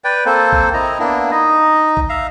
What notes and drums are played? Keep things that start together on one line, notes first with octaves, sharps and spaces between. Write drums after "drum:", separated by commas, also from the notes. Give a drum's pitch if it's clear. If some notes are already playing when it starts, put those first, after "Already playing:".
B4 D5 G5
A#3 C4 A4 C5
drum: kick A1
C4 E4 D#5 A#5
A#3 B3 D4 E4
D#4 D#5
drum: kick A1
E5 F5 A#5